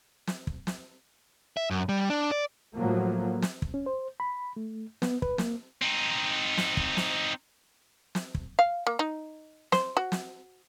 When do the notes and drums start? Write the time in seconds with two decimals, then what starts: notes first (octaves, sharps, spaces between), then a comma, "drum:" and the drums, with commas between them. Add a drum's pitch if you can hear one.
0.27 drum: snare
0.47 drum: kick
0.67 drum: snare
1.57 E5
1.71 F#2
1.89 G3
2.10 D4
2.31 D5
2.76 A2 F3 F#3 A3 A#3
3.42 drum: snare
3.62 drum: kick
3.74 C#4
3.86 C5
4.20 B5
4.56 A3
5.02 B3, drum: snare
5.22 B4, drum: kick
5.38 A#3, drum: snare
5.82 C4 D#4
6.57 drum: snare
6.77 drum: kick
6.97 drum: snare
8.15 drum: snare
8.35 drum: kick
8.59 F5
8.87 A#3
8.99 D#4
9.72 C5, drum: snare
9.97 F#4
10.12 drum: snare